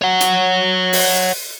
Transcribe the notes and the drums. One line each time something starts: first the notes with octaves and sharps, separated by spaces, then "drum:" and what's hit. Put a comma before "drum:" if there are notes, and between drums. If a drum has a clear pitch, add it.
C#5 F#5
drum: hi-hat
drum: open hi-hat